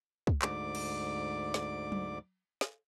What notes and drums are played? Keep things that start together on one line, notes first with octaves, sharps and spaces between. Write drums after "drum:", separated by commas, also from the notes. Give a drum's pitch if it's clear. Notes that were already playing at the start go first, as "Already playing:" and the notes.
drum: kick
D2 G#2 D5 D6, drum: clap
drum: cymbal
drum: snare
drum: tom F#3
drum: snare